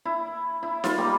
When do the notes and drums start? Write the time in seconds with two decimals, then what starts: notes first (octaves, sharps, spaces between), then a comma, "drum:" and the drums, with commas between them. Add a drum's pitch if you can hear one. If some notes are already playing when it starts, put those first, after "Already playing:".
0.05 E4
0.63 E4
0.84 F4, drum: snare D#4
0.98 G3 A#3